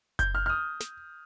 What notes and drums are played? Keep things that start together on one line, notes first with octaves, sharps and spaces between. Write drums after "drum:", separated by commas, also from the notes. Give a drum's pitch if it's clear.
G6, drum: kick F#1, hi-hat
F6
F6
D#6
drum: snare